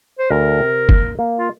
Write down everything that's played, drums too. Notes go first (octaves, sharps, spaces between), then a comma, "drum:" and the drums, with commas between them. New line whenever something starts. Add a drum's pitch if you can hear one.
C5
D2 A#4
C3
A#3, drum: kick
A#3
F4